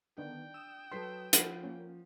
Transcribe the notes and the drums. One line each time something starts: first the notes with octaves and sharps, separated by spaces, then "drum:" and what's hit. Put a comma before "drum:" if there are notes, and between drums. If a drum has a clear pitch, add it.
D3 D#3 B3 D4 G5
D#6 E6 E7
F#3 A4 B4 C6 B6
F3 F5 F#5 B5, drum: hi-hat
A#3 C#4